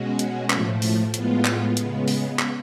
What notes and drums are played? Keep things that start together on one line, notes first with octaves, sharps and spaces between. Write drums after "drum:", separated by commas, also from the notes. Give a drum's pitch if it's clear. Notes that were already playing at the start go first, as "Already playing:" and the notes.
Already playing: B2 G#3 C#4 F#4
drum: hi-hat
A2 F3 A3, drum: clap
drum: open hi-hat
A2 G#3 B3 F4, drum: hi-hat
drum: clap
C#3 G#3 B3, drum: hi-hat
drum: open hi-hat
drum: clap